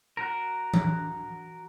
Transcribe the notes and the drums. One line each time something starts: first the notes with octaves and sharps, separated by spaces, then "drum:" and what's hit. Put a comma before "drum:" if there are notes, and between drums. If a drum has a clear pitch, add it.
F#4 A#4
drum: tom E3